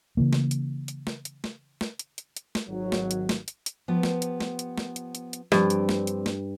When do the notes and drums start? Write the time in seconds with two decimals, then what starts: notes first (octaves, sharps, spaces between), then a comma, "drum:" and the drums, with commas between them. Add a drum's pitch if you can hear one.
0.17 C#3 E3 A#3
0.33 drum: snare
0.51 drum: hi-hat
0.88 drum: hi-hat
1.07 drum: snare
1.25 drum: hi-hat
1.44 drum: snare
1.81 drum: snare
1.99 drum: hi-hat
2.18 drum: hi-hat
2.37 drum: hi-hat
2.55 drum: snare
2.68 G#1 F#3
2.92 drum: snare
3.11 drum: hi-hat
3.29 drum: snare
3.48 drum: hi-hat
3.66 drum: hi-hat
3.88 F3 B3 G4
4.03 drum: snare
4.22 drum: hi-hat
4.40 drum: snare
4.59 drum: hi-hat
4.78 drum: snare
4.96 drum: hi-hat
5.15 drum: hi-hat
5.33 drum: hi-hat
5.52 G2 F3 C4 D4, drum: snare
5.70 drum: hi-hat
5.89 drum: snare
6.07 drum: hi-hat
6.26 drum: snare